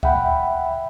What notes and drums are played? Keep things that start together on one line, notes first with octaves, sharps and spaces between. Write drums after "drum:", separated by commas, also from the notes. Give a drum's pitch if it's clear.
E5 F#5 G5 B5, drum: kick C#2